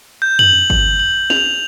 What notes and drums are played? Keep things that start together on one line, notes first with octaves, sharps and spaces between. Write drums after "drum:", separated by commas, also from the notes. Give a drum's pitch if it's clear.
G6
F#7, drum: tom
drum: kick G1
F#7
F7, drum: snare